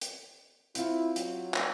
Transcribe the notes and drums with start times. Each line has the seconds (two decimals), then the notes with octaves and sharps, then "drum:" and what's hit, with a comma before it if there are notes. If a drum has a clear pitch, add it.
0.01 drum: hi-hat
0.75 C4 E4 F4, drum: hi-hat
1.16 F#3, drum: hi-hat
1.54 drum: clap